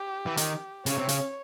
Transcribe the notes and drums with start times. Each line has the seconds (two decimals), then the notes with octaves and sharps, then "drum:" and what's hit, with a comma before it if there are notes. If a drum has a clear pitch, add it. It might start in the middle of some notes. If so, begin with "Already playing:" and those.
Already playing: G4
0.26 E3
0.37 D#3, drum: hi-hat
0.86 C#3 C#5, drum: hi-hat
0.98 C3
1.09 C#3, drum: hi-hat